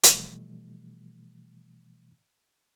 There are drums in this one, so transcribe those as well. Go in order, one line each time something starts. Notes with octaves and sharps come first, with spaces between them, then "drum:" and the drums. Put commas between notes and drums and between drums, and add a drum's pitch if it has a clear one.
B2 E3 F3 G3 A3, drum: hi-hat